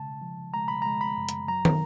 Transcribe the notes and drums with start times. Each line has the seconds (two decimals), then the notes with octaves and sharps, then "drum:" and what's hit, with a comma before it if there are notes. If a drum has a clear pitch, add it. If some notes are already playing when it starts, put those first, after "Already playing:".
Already playing: C#3 G#3 A5
0.22 F3
0.54 G#3 A#5
0.68 B5
0.82 A#5
0.86 G#3
1.01 B5
1.17 F#2
1.29 drum: hi-hat
1.48 F#3 A#5
1.65 drum: tom